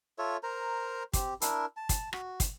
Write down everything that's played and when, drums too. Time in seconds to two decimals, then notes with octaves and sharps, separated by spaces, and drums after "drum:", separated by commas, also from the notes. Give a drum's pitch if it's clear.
0.18 F4 A4 C#5 E5
0.43 A#4 C5 A#5
1.13 C4 G4, drum: kick, hi-hat
1.41 D4 E4 A#4, drum: hi-hat
1.77 A5
1.89 drum: kick, hi-hat
2.13 F#4, drum: rim click
2.40 drum: kick, hi-hat